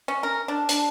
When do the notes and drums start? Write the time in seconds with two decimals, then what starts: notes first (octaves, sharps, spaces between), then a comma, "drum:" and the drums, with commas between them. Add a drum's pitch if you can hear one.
0.08 C#4
0.23 A#4
0.48 D4
0.69 D4, drum: hi-hat